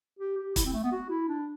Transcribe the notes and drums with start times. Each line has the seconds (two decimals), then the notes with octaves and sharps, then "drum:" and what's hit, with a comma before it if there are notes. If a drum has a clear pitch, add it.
0.19 G4
0.38 G4
0.56 E4, drum: kick, hi-hat
0.65 C4
0.73 A3
0.83 B3
0.92 F#4
1.09 E4
1.28 D4